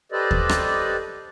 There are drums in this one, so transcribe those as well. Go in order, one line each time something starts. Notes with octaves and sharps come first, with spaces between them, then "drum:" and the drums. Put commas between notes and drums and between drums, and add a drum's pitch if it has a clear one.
G4 A4 B4 C5 D5 D#5
drum: kick D#2
drum: rim click